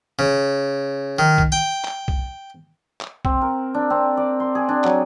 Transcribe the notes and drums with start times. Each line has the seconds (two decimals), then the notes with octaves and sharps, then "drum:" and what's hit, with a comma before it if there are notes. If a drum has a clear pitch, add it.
0.19 C#3
1.19 D#3
1.38 drum: kick
1.52 G5
1.85 drum: clap
2.08 drum: kick
3.01 drum: clap
3.25 C4, drum: kick
3.42 A#4
3.74 D4
3.90 C4
4.17 D5
4.40 C6
4.55 G#4
4.69 D4
4.84 F#3, drum: clap